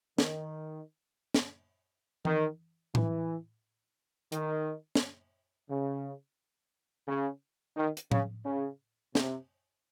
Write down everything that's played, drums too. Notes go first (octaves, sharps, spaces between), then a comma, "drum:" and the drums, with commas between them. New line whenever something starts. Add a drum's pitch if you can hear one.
D#3, drum: snare
drum: snare
D#3, drum: tom E3
E3, drum: tom A2
D#3, drum: hi-hat
drum: snare
C#3
C#3
D#3
drum: hi-hat
C#3, drum: tom A2
C#3
C3, drum: snare